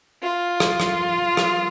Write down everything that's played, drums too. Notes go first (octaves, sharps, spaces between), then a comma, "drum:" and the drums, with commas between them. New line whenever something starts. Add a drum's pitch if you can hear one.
F4
drum: rim click
drum: rim click
drum: rim click